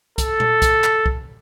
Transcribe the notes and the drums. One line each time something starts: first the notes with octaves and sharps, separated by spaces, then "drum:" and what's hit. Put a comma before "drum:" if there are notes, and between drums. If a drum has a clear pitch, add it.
A4, drum: kick, hi-hat
drum: tom A#2
drum: kick, hi-hat
drum: clap
drum: kick